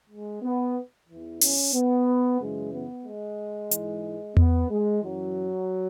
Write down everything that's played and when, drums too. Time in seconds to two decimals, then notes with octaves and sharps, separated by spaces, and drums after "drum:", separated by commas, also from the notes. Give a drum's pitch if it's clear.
0.10 G#3
0.43 B3
1.08 E2 E3
1.41 C#4, drum: open hi-hat
1.74 B3
2.40 F#2 C#3 E3 G#3
2.73 B3
3.05 G#3
3.71 G#2 E3, drum: hi-hat
4.37 B3, drum: tom E2
4.70 G#3
5.02 F#2 E3 F#3